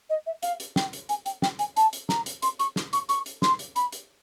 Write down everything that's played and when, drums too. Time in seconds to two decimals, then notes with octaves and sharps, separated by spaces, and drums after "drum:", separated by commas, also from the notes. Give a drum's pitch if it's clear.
0.10 D#5
0.26 E5
0.43 F5, drum: hi-hat
0.60 drum: hi-hat
0.76 G5, drum: snare
0.93 drum: hi-hat
1.09 G#5, drum: hi-hat
1.26 G5, drum: hi-hat
1.42 G5, drum: snare
1.59 G#5, drum: hi-hat
1.77 A5, drum: hi-hat
1.93 drum: hi-hat
2.09 A#5, drum: snare
2.26 drum: hi-hat
2.42 C6, drum: hi-hat
2.59 C#6, drum: hi-hat
2.76 drum: snare
2.93 C#6, drum: hi-hat
3.09 C#6, drum: hi-hat
3.26 drum: hi-hat
3.42 C6, drum: snare
3.59 drum: hi-hat
3.76 B5, drum: hi-hat
3.92 drum: hi-hat